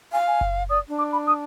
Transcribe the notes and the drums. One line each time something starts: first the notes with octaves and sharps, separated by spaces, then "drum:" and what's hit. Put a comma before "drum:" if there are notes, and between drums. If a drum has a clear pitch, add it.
F5 G#5
G#5
drum: kick F#1
D5 D#6
D4
D6
B5
D#6